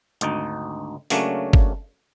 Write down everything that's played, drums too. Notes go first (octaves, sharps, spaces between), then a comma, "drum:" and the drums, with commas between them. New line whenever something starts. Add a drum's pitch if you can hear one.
G#1 D2 D#4, drum: hi-hat
C#3 F#3 A3 A#3 C#4 D4, drum: open hi-hat
drum: kick G1